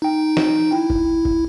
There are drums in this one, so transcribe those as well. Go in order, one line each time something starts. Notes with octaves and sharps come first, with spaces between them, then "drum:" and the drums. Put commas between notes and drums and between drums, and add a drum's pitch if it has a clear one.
D#4 G5
drum: snare
E4
drum: kick
drum: kick